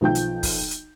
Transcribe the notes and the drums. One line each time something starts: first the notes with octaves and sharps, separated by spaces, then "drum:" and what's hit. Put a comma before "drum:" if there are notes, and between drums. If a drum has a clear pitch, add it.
B1 F3 G5 G6
drum: hi-hat
drum: kick, open hi-hat
drum: hi-hat